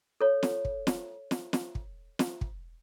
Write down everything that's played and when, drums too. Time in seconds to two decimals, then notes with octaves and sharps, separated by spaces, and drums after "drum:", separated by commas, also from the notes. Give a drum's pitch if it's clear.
0.21 A4 C#5
0.43 drum: snare
0.65 drum: kick
0.87 drum: snare
1.31 drum: snare
1.53 drum: snare
1.75 drum: kick
2.19 drum: snare
2.41 drum: kick